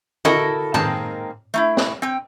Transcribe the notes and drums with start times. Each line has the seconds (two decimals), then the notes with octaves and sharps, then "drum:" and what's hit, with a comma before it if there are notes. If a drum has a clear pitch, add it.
0.25 E4 F#4 A4 A#4 D#5, drum: tom
0.74 D#3 G#3 A#3 C4 A5, drum: tom G#2
1.54 A3 D#4 E4
1.77 drum: snare
2.02 C4 G5